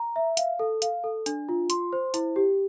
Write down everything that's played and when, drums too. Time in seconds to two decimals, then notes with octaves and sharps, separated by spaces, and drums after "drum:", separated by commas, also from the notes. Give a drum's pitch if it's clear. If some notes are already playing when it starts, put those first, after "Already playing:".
Already playing: A#5
0.16 E5
0.37 F5, drum: hi-hat
0.59 A4
0.82 F5, drum: hi-hat
1.04 A4
1.26 D4, drum: hi-hat
1.49 F4
1.70 C6, drum: hi-hat
1.93 C5
2.14 E4, drum: hi-hat
2.36 G4